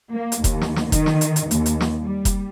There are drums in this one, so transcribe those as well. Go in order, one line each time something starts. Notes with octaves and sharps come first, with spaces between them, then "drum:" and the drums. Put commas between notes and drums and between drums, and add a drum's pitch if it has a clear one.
A#3
drum: hi-hat
D#2, drum: kick F1, hi-hat
drum: snare
drum: snare
D#3, drum: kick F1, hi-hat
drum: snare
drum: hi-hat
drum: hi-hat
D#2, drum: hi-hat
drum: hi-hat
drum: snare
G3
drum: kick F1, hi-hat